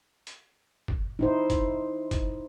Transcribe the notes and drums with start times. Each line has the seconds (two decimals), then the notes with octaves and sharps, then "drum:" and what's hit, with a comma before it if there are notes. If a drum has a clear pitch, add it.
0.27 drum: hi-hat
0.88 drum: kick G1
1.19 D#4 E4 C5
1.50 drum: kick G1, hi-hat
2.11 drum: kick G1, hi-hat